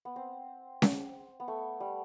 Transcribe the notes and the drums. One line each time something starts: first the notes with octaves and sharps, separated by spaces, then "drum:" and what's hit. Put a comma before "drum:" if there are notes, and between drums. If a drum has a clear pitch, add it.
B3
C4
drum: snare C#4
B3
A3
G3